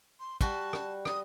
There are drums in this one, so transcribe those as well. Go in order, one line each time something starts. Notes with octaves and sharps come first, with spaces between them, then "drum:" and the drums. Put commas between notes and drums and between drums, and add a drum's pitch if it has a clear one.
C6
G3 F#4 A5, drum: kick
drum: rim click
D#6, drum: rim click